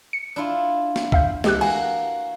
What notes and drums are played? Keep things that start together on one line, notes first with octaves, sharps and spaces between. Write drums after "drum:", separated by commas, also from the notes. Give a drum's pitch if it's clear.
C#7
D4 E4 F4
drum: snare
E5 F5 G6, drum: kick C2
E3 G#3 G4 A4 F#6, drum: snare
A#3 F#4 G#5, drum: cymbal